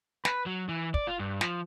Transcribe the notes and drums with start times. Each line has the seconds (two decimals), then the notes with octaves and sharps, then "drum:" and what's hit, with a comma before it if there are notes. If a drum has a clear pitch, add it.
0.25 B4, drum: snare
0.46 F#3
0.69 E3
0.94 D5, drum: kick
1.07 F4
1.19 G2
1.41 F3, drum: snare